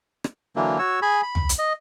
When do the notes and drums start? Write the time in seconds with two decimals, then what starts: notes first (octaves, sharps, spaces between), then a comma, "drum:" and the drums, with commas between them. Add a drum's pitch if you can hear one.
0.24 drum: rim click
0.56 D3 E3 F#3 A#3
0.79 F#4 C#5 E6
1.02 G#4 G#5 B5
1.23 B5
1.35 drum: tom
1.49 drum: hi-hat
1.59 D#5